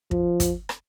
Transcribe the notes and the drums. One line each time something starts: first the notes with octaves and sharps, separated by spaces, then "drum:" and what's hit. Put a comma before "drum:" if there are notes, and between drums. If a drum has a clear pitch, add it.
F3, drum: kick
drum: kick, hi-hat
drum: rim click